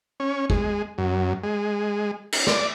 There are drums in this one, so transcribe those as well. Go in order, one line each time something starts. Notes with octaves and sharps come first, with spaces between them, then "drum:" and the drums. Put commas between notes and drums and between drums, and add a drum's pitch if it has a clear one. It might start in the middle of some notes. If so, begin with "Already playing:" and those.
C#4
G#3, drum: kick
F#2
G#3
drum: cymbal
D5, drum: snare